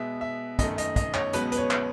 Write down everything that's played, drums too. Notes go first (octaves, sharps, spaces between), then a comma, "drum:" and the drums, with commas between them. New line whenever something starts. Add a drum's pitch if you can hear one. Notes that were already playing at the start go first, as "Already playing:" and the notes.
Already playing: B2 G#3 B3 E5
E5
F#2 D#3 A3 D#5, drum: kick, hi-hat
D#5, drum: hi-hat
D#5, drum: kick, hi-hat
C#5, drum: clap
C#2 B2 F#3 B3 B4, drum: hi-hat
B4, drum: hi-hat
C#5
drum: clap